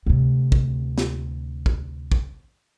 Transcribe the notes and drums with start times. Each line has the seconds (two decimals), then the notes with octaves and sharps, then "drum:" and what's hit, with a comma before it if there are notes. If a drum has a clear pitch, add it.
0.06 D2 C3
0.52 drum: kick
0.98 drum: snare
1.66 drum: kick
2.12 drum: kick